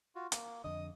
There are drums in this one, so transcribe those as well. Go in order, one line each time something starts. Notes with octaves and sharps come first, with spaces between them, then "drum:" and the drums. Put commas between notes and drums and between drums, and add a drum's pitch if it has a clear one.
F4 F#4
A#3, drum: hi-hat
F2 D3 D#5 D#6